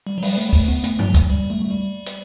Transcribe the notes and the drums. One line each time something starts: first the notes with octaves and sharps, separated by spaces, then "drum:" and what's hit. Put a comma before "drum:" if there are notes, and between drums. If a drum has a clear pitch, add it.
G3
F#3
G3, drum: open hi-hat
A3
A3, drum: kick, open hi-hat
B3
A3, drum: hi-hat
F#3, drum: tom G2
drum: kick, hi-hat
G3
A3
A3
G3
drum: hi-hat